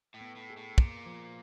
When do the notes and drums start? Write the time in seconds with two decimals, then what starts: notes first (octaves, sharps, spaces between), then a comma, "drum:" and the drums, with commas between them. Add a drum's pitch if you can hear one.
0.14 A2
0.21 B3
0.36 A2
0.50 G#4
0.57 A2
0.78 A#2 A#3, drum: kick
1.06 F3